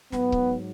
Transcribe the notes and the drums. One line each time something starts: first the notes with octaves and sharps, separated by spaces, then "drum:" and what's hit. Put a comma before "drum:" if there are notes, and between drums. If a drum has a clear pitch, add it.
G#2 F#3 B3, drum: snare
drum: kick C#1